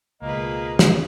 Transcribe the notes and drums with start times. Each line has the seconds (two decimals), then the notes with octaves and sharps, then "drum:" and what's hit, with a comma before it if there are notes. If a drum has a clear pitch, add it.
0.22 C#2 B2 A#3 F4 G#4 B4 D#5
0.79 drum: snare